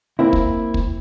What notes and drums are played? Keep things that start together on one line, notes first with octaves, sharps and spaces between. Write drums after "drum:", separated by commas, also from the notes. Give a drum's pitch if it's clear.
A#3 C4 E4
drum: kick
drum: kick